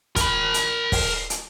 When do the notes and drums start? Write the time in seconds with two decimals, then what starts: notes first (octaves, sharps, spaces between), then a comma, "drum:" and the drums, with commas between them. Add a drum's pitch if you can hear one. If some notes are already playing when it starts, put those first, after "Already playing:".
0.16 A#4 B5, drum: kick, hi-hat
0.54 drum: hi-hat
0.92 drum: kick, open hi-hat
1.30 drum: hi-hat